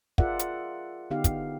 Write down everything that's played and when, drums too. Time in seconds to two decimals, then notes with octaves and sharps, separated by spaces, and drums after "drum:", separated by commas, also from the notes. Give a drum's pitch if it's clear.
0.18 F4 G#4 A#4 D5 E5 F#5, drum: kick
0.39 drum: hi-hat
1.10 D3 B3 D#4 G4 F5
1.24 drum: kick, hi-hat